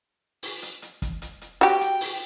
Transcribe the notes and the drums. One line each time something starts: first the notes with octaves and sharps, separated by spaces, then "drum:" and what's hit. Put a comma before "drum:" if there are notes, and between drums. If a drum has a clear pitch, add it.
drum: open hi-hat
drum: hi-hat
drum: hi-hat
drum: kick, hi-hat
drum: hi-hat
drum: hi-hat
F#4 G4 G5
drum: hi-hat
drum: open hi-hat